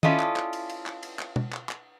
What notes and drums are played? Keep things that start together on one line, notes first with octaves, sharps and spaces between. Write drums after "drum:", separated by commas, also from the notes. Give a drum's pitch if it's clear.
C#4 E4 F4 A4 D5 D#5, drum: tom D#3
drum: clap
drum: clap
drum: cymbal
drum: cymbal
drum: clap
drum: cymbal
drum: clap
drum: tom B2
drum: clap
drum: clap